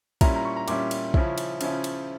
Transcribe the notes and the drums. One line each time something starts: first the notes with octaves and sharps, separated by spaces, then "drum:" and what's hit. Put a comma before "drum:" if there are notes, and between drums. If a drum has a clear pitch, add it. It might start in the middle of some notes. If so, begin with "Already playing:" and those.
A#2 G3 C#4 E4 A#5, drum: kick, cymbal
A#5
C#6
A#5
A#2 G3 C#4 E4 D6, drum: cymbal
drum: cymbal
C#3 F3 C#4 E4, drum: kick
drum: cymbal
C#3 F3 C#4 E4, drum: cymbal
drum: cymbal